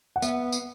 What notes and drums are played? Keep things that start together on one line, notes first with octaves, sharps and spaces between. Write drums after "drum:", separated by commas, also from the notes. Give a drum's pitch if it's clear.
F#5
B3 E5, drum: tambourine
drum: tambourine